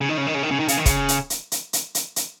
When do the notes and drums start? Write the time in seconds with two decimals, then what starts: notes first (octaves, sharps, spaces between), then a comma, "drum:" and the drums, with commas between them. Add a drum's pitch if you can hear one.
0.01 C#3
0.09 D#3
0.17 C#3
0.27 D#3
0.34 C#3
0.43 D#3
0.51 C#3
0.59 D#3
0.68 C#3, drum: hi-hat
0.77 D#3
0.86 C#3, drum: kick, hi-hat
1.08 drum: hi-hat
1.30 drum: hi-hat
1.52 drum: hi-hat
1.73 drum: hi-hat
1.95 drum: hi-hat
2.16 drum: hi-hat